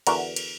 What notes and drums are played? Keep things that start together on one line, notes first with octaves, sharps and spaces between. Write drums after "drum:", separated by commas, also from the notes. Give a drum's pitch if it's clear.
E2 D3 F#4 A#4, drum: cymbal
drum: cymbal